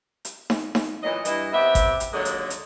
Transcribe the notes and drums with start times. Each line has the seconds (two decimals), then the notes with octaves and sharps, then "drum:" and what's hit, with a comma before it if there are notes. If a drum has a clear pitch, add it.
0.25 drum: hi-hat
0.50 drum: snare D#4
0.75 drum: snare D#4
1.03 A#2 E3 F#3 D#5
1.25 G2 E3 E4 D#5, drum: hi-hat
1.53 C3 B3 G4 E5
1.75 drum: kick G#1, hi-hat
2.00 drum: hi-hat
2.13 D#2 D3 F#3 G#3 A#3 D#5
2.25 drum: hi-hat
2.50 drum: hi-hat